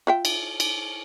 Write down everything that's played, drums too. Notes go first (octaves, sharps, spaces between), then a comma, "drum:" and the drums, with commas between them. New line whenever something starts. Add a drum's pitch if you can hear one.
F4 E5 G5
drum: cymbal
drum: cymbal